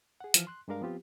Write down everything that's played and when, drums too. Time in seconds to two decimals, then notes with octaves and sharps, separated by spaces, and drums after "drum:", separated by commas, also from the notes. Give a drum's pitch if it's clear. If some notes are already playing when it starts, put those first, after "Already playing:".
0.20 G#4 F#5
0.34 E3 F3 F6, drum: hi-hat
0.47 C6 F#6
0.68 G2 G#3 D4 A#4 F5
0.81 F3 B3 C4 F4 G4